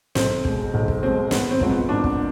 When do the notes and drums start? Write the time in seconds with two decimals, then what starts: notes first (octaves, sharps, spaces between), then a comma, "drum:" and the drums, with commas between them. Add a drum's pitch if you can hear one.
0.15 B1 C4, drum: snare
0.45 B2 G#3, drum: kick
0.74 B1
0.88 drum: kick
1.03 B2 G#3 C4
1.31 G#1 B3, drum: snare
1.51 C4
1.61 G#2 F3 C4, drum: kick
1.70 B3
1.89 G#1 D4
2.04 drum: kick